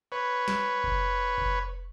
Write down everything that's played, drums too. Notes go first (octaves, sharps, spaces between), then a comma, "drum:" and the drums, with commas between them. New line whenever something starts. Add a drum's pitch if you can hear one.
B4 C#5
drum: snare
drum: kick F#1
drum: kick F#1